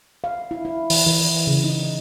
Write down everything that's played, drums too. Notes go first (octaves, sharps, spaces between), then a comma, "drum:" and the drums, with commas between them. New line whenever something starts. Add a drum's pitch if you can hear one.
F5
E4
E4
E3, drum: open hi-hat
E3
C#3
D#4